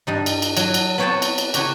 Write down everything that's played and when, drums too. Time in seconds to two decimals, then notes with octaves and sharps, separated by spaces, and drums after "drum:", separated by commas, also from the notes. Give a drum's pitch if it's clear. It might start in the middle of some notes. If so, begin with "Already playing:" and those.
0.07 G2 G3 D#4
0.26 drum: cymbal
0.42 drum: cymbal
0.57 F#3, drum: cymbal
0.74 drum: cymbal
0.98 B3 C4 C#5 F#5 G5 A5
1.22 drum: cymbal
1.38 drum: cymbal
1.54 C#3 F#4 G4 C#5, drum: cymbal